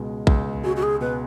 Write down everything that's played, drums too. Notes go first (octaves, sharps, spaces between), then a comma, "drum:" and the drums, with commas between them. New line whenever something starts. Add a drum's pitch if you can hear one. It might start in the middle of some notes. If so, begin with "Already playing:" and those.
Already playing: C#2 B2 G#3
C#2, drum: kick A#1
G#3 F#4
F#4
G#4
B2 B4